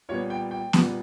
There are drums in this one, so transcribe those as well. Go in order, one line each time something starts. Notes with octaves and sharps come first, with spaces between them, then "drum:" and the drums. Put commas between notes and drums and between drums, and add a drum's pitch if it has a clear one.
A#2 G3 B3 C#5
G5
G5
A#2 G3 B3, drum: snare B3